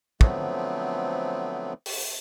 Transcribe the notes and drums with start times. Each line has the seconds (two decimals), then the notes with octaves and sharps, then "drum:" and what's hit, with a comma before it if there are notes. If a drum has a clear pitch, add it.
0.21 D3 F3 F#3 A3 B3 C4, drum: kick
1.86 drum: open hi-hat